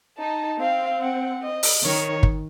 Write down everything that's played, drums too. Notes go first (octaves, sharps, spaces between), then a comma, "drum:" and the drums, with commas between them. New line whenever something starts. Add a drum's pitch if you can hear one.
D#4 A5
C4 F5
F#5
D#5
drum: open hi-hat
D#3 C#5
drum: kick